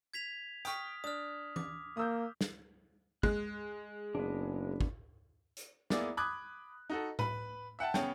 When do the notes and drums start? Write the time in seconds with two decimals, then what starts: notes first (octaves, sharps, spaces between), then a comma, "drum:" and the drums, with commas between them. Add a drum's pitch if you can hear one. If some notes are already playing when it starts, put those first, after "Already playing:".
0.13 G#6 B6 F7
0.65 G5 C#6 D#6 F6 B6, drum: hi-hat
1.04 D4 D#6 F6
1.56 D6, drum: tom E3
1.97 A#3 D#6 E6 G6
2.41 drum: snare
3.23 G#3 F#6, drum: kick
4.15 F#1 B3 D4
4.81 drum: kick
5.57 drum: hi-hat
5.90 A#3 B3 E4 G#4 D5, drum: snare
6.17 B5 D6 D#6 F#6 G#6
6.90 D#4 F#4 A4
7.19 B4 B5, drum: tom A2
7.79 E5 F#5 G5 A5
7.94 C#3 B3 C#5 G5, drum: snare